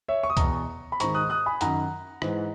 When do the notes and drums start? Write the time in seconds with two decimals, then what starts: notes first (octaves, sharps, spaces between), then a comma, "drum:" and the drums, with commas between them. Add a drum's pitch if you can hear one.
0.08 C#5 E5
0.23 C#6
0.30 D#6
0.37 E2 B2 A#5 C#6, drum: kick C2, hi-hat
0.92 B5
1.00 G#2 D#3 A#5 C#6, drum: hi-hat
1.14 D#6 F#6
1.30 D#6 F#6
1.46 G#5 B5
1.61 F#2 D#3 F#5 A#5, drum: hi-hat
2.22 G#2 E3, drum: rim click